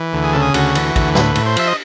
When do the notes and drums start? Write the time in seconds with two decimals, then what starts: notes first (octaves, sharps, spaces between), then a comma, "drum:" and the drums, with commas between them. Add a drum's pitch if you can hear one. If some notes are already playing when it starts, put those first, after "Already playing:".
Already playing: E3
0.13 D2
0.24 G#4
0.33 C#3 A4
0.42 G#4
0.54 D2 F#4, drum: cymbal
0.75 E3, drum: cymbal
0.96 D2, drum: kick, cymbal
1.15 A2 B4, drum: snare
1.35 A2, drum: cymbal
1.46 C5
1.57 F3 E5, drum: cymbal
1.67 D#5